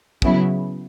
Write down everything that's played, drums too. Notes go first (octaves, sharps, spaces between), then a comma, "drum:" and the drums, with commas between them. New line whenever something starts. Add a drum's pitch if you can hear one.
C#3 F#3 B3 E4, drum: kick